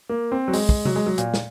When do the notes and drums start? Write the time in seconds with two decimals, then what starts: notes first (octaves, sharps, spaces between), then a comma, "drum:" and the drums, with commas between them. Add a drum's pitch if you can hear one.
0.09 A#3
0.32 C4
0.48 F#3
0.53 G#3, drum: open hi-hat
0.69 drum: kick
0.85 F#3, drum: tom C3
0.96 G#3
1.06 F#3
1.18 A#2, drum: hi-hat
1.34 drum: snare